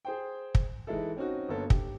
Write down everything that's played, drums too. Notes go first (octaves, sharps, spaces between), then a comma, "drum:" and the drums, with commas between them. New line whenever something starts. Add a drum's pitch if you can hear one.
G#4 C5 G5
drum: kick
E3 G#3 D#4 E4 A4
C4 C#4 D#4 F#4
G1 A#3 B3 A4 C#5
G4, drum: kick